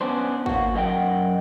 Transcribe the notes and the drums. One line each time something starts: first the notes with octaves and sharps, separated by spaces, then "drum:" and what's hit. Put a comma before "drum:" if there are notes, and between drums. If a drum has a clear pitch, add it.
B3 C#4 D4 C5
A#3 F#4, drum: kick
F#2 A#4 D#5 F#5 G5